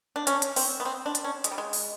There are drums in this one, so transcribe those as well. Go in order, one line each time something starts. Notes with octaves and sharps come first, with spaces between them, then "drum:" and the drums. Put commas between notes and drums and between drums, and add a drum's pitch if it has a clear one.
D4
C#4, drum: hi-hat
drum: hi-hat
C4, drum: open hi-hat
B3
C4
D4
drum: hi-hat
C#4
G#3, drum: hi-hat
G3
G#3
drum: open hi-hat